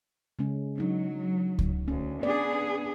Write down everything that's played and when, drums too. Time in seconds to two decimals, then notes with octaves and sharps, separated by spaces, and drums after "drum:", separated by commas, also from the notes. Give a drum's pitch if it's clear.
0.39 C#3 G#3 C#4
0.78 F#3 D4 D#4
1.59 drum: kick C#2
1.88 D2 C#4
2.23 B3 D4 G#4 D5